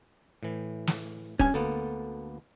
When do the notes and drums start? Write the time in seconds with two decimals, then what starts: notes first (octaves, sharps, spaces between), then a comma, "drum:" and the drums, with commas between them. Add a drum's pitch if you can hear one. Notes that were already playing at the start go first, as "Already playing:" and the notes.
0.43 A2 E3
0.87 drum: snare
1.39 G2 C#4 G#5, drum: kick
1.54 D2 A#3 B3 A4